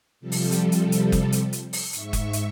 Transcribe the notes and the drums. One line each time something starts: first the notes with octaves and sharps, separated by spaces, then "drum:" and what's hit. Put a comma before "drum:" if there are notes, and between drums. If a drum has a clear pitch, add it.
C3 F3 G3 A4
drum: open hi-hat
drum: hi-hat
drum: hi-hat
drum: hi-hat
drum: kick F#1, hi-hat
drum: hi-hat
drum: hi-hat
drum: open hi-hat
G#2 E5 C#6, drum: hi-hat
drum: kick F#1, hi-hat
drum: hi-hat